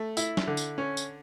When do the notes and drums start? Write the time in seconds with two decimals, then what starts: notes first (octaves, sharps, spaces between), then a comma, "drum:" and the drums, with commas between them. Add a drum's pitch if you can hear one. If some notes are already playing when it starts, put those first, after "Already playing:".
Already playing: A3
0.17 E4, drum: tambourine
0.37 drum: snare
0.47 D3
0.57 drum: tambourine
0.78 C#4
0.97 drum: tambourine